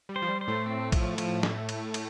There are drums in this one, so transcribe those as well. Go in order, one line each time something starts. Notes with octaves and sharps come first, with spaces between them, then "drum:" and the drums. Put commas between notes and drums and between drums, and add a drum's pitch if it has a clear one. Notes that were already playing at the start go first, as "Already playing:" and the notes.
G3
C5
F3
G3
C5
A2 A3
C4
F3, drum: kick A#1, cymbal
F3, drum: cymbal
drum: snare
drum: cymbal
drum: cymbal